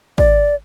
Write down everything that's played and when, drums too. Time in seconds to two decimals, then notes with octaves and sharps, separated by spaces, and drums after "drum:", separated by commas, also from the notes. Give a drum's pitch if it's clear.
0.18 D5, drum: kick